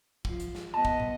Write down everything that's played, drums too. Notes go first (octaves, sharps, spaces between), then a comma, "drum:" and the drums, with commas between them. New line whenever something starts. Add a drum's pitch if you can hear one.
F3, drum: kick
drum: hi-hat
drum: snare
B3 D#5 A5
drum: kick
drum: tom